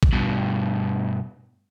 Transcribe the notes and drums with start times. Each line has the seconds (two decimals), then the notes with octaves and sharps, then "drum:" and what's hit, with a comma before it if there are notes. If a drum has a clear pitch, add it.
0.03 drum: kick A1
0.13 G2 B2